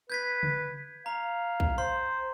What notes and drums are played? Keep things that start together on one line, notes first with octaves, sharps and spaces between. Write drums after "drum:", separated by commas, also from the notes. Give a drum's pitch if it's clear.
B4 G6 G#6 B6
drum: tom C#3
F5 A#5
drum: kick B1
C5 C6